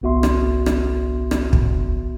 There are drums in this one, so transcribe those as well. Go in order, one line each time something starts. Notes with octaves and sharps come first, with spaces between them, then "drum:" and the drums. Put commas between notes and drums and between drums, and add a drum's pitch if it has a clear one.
G1 C2 B3 F#4 E5 C6
drum: rim click
drum: rim click
drum: rim click
drum: kick